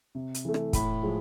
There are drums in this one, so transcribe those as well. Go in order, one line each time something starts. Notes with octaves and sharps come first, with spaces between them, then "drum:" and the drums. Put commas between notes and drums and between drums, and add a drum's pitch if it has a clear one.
C3
drum: hi-hat
E3 A3
drum: rim click
A2 B5, drum: kick, hi-hat
F3 G#3